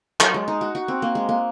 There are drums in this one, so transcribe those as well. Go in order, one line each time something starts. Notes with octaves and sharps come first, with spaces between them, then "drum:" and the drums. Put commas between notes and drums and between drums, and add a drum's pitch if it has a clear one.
F#3, drum: clap
G#3
D#4
F#4
F#4
C4
A#3
G#3
A#3